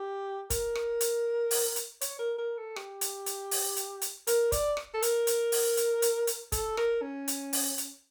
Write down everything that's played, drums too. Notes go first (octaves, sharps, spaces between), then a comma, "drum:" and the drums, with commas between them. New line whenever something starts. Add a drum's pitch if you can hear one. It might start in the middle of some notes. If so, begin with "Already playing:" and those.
Already playing: G4
A#4, drum: kick, hi-hat
drum: rim click
drum: hi-hat
drum: open hi-hat
drum: hi-hat
C#5, drum: hi-hat
A#4
A#4
A4
G4, drum: rim click
drum: hi-hat
drum: hi-hat
drum: open hi-hat
drum: hi-hat
drum: hi-hat
A#4, drum: hi-hat
D5, drum: kick, hi-hat
drum: rim click
A4
A#4, drum: hi-hat
drum: hi-hat
drum: open hi-hat
drum: hi-hat
drum: hi-hat
drum: hi-hat
A4, drum: kick, hi-hat
A#4, drum: rim click
C#4
drum: hi-hat
drum: open hi-hat
drum: hi-hat